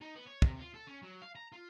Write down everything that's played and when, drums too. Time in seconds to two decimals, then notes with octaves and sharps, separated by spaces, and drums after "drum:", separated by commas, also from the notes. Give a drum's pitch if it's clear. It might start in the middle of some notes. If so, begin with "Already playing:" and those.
0.01 D#4
0.15 B3
0.26 C#5
0.42 C3, drum: kick
0.60 F4
0.74 A4
0.87 C#4
1.02 F#3
1.22 F5
1.35 A#5
1.52 F4